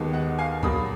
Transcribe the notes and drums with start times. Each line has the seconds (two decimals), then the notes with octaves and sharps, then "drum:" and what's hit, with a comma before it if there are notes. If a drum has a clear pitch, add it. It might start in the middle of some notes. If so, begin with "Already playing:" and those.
Already playing: D#2 D#3 G#3 B3
0.13 D#5 F#5
0.38 F5 G#5
0.63 A#2 F#3 A#3 B5 D#6, drum: kick